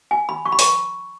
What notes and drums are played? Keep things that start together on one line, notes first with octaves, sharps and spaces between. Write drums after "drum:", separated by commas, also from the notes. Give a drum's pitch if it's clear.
G#5
B5
C#6
B5
C#6, drum: open hi-hat